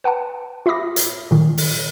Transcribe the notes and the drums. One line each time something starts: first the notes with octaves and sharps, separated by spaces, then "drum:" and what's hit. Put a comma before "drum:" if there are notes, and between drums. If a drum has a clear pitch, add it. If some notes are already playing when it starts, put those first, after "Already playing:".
B4 F#5 G5 A5
F4 E5 B5 D6 D#6 A#6
drum: hi-hat
A#2 D#3
drum: open hi-hat